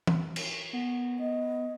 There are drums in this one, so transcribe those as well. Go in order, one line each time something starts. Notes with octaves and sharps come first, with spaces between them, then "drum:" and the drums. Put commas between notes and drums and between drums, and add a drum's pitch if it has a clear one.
drum: tom
drum: cymbal
B3
B3 D#5